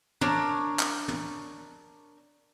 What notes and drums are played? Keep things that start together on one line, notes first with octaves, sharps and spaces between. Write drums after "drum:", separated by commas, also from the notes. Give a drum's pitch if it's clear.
D4 A#4 C#5, drum: tom
drum: clap
drum: tom